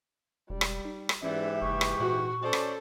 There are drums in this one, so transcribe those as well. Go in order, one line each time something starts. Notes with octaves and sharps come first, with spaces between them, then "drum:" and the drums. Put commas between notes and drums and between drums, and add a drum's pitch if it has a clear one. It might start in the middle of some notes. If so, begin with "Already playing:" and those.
E1 G3
drum: rim click
D#4
drum: rim click
G#2 E3 C#4 G4 D5 E5
F#1 C#6
drum: rim click
A#2 F#4
C#4 A4 C5 D5
drum: rim click